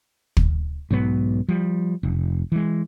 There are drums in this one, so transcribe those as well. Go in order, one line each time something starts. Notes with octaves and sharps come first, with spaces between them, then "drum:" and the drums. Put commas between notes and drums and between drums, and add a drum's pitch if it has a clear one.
drum: kick
B1 G#2 F#3 B3
F3 G3
F1
E3 G#3